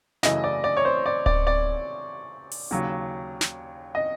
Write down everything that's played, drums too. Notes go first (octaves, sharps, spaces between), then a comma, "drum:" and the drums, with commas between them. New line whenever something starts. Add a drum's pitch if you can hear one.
F#2 C#3 E3 A3 D#5, drum: snare
D5
D5
C#5
C5
D5
D5, drum: kick D1
D5
drum: open hi-hat
D#2 C#3 F#3
drum: snare
D#5